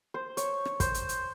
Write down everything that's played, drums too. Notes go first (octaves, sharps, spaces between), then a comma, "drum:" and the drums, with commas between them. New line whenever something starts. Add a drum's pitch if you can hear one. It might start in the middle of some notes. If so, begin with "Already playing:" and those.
C5
C#5, drum: hi-hat
drum: rim click
C5, drum: kick, hi-hat
drum: hi-hat
drum: hi-hat